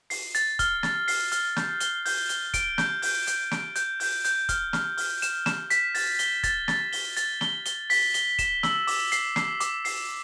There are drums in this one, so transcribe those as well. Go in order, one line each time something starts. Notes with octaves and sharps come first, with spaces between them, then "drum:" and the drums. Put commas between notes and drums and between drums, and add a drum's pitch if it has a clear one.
C7, drum: open hi-hat
A6, drum: hi-hat
F6, drum: kick, hi-hat
A6, drum: snare
C7, drum: open hi-hat
F6, drum: hi-hat
G6, drum: snare
G7, drum: hi-hat
G6, drum: open hi-hat
G7, drum: hi-hat
D7, drum: kick, hi-hat
G6, drum: snare
G6, drum: open hi-hat
G6, drum: hi-hat
D7, drum: snare
G6, drum: hi-hat
G6, drum: open hi-hat
G6, drum: hi-hat
F6, drum: kick, hi-hat
F6, drum: snare
F6, drum: open hi-hat
E7, drum: hi-hat
E7, drum: snare
B6, drum: hi-hat
A6, drum: open hi-hat
G7, drum: hi-hat
A6, drum: kick, hi-hat
A6, drum: snare
G7, drum: open hi-hat
A6, drum: hi-hat
G7, drum: snare
G7, drum: hi-hat
B6, drum: open hi-hat
G7, drum: hi-hat
E7, drum: kick, hi-hat
E6, drum: snare
D6, drum: open hi-hat
C7, drum: hi-hat
C7, drum: snare
D6, drum: hi-hat
C7, drum: open hi-hat